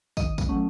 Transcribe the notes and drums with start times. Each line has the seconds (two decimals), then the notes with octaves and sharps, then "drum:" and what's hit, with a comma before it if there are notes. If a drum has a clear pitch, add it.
0.17 D#3 D#5, drum: kick, tambourine
0.38 drum: kick, tambourine
0.49 F#3 A3 C#4